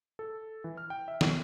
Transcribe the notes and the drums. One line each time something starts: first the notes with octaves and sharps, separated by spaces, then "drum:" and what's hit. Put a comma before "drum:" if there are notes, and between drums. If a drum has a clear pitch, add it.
A4
E3
F6
G5
E5
drum: snare